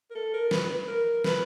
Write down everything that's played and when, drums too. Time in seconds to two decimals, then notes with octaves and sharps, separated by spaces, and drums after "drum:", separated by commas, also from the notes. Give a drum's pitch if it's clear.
0.10 A#4
0.15 A4
0.34 A#4
0.51 B4, drum: snare
0.70 B4
0.88 A#4
1.24 B4, drum: snare